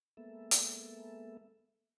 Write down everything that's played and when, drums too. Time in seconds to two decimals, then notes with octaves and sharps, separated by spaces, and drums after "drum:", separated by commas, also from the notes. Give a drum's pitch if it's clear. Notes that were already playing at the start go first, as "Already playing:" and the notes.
0.17 G#3 A#3 B3 A4 E5
0.51 drum: hi-hat